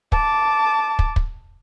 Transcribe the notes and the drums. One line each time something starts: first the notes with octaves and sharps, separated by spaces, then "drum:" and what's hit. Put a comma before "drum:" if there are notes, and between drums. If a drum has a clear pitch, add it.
A5 D6, drum: kick
drum: kick
drum: kick